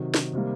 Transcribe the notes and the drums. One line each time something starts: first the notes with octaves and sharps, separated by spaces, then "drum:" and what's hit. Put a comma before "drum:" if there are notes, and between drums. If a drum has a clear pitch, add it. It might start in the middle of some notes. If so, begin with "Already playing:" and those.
Already playing: C3 D#3 F#3
drum: snare
C3 D#3 G3 A#3